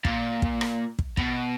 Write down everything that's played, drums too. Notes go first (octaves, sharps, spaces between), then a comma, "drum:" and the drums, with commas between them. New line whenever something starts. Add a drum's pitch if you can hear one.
A#2, drum: kick
drum: kick
drum: rim click
drum: kick
B2, drum: kick